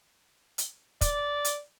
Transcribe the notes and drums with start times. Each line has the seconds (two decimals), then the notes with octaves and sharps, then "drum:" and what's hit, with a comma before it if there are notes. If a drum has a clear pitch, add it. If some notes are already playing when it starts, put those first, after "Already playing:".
0.58 drum: hi-hat
1.01 D5, drum: kick, hi-hat
1.45 drum: hi-hat